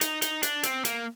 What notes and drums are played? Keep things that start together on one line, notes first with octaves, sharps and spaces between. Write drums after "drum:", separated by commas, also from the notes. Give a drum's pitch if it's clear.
D#4, drum: hi-hat
D#4, drum: hi-hat
D4, drum: hi-hat
C4, drum: hi-hat
A#3, drum: hi-hat